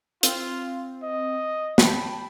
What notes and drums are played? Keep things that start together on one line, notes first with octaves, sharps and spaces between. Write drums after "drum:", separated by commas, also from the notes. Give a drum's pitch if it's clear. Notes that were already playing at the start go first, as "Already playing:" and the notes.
C4 F4, drum: hi-hat
D#5
G5 A5 B5, drum: snare